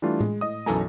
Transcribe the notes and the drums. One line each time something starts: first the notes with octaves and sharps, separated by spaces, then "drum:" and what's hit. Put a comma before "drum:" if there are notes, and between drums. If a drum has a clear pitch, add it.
E3 G3 A3 D4 F4
G#3, drum: tom A2
A2 D#5 D#6
B1 F#2 E3 A4 G#5 A#5, drum: snare